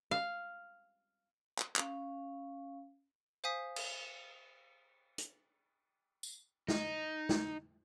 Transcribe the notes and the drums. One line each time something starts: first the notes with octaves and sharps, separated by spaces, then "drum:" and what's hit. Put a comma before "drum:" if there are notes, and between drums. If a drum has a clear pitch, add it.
F5
drum: clap
C#4 F5, drum: clap
C5 F5 G#5 D#6 B6
drum: cymbal
drum: hi-hat
drum: tambourine
D#4, drum: snare
drum: snare